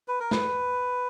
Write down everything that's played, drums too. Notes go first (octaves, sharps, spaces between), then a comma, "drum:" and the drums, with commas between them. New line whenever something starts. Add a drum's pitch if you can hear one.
B4
A#4
B4, drum: snare